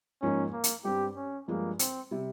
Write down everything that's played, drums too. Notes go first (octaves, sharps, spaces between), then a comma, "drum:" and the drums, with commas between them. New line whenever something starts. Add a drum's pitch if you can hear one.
G#2 F3 A#3 C#4 D#4
A#3
drum: hi-hat
G2 G3 C4 G4
C#4
G2 F3 G#3 A#3
C4, drum: hi-hat
C3 G3